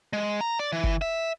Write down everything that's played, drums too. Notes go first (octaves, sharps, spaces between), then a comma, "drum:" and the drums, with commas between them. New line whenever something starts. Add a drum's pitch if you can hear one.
G#3
A#5
D5
E3
drum: kick F#1
E5